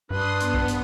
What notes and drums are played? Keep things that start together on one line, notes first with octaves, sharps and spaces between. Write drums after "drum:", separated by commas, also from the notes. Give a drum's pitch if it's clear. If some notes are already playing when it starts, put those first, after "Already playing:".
G2 D4 B4 C6 D#6
B3, drum: hi-hat
drum: kick A#1
drum: hi-hat